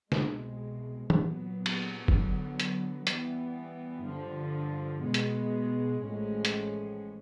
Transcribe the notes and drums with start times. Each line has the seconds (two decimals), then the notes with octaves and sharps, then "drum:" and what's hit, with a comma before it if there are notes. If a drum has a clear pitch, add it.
0.12 C2 B2 G#3, drum: snare
1.10 A#2 F#3 B3, drum: tom E3
1.66 drum: cymbal
2.08 D3 F#3 B3, drum: kick
2.60 drum: hi-hat
3.07 E3 G3 B3, drum: hi-hat
4.05 G2 D3 F3
5.03 B2 G#3 B3
5.14 drum: hi-hat
6.02 A1 A2 F3 G#3 C#4
6.45 drum: hi-hat